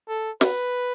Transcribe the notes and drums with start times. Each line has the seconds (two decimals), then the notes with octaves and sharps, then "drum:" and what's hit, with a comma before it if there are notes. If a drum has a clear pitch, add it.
0.09 A4
0.41 B4, drum: snare